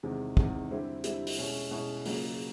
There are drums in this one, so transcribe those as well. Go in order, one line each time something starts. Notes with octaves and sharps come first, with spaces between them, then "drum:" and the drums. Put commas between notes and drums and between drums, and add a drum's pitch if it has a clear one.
E2 C3 D#3 G#3
E2 C3 D#3 G#3, drum: kick
D3 G3 C4 E4 G4
D3 G3 C4 E4 G4, drum: hi-hat
drum: open hi-hat
B2 G#3 C#4 E4
B2 G#3 C#4 E4
C#3 F#3 A#3, drum: open hi-hat